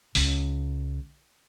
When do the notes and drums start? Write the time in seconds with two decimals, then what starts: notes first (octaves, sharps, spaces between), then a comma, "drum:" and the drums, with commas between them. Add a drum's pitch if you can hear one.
0.15 C#2 C#3, drum: open hi-hat